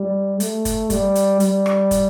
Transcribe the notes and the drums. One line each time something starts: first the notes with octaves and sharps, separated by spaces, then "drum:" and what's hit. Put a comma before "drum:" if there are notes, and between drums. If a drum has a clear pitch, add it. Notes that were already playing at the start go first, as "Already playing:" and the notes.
Already playing: G3
A3, drum: hi-hat
drum: kick, hi-hat
G3, drum: kick, hi-hat
drum: hi-hat
G3, drum: hi-hat
drum: rim click
drum: kick, hi-hat